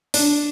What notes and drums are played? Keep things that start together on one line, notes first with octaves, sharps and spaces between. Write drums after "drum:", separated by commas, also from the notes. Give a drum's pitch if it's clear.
D4, drum: open hi-hat